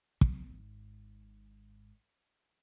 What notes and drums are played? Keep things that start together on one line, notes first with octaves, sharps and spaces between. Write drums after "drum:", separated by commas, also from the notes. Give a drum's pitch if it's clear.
G#1 G#2, drum: kick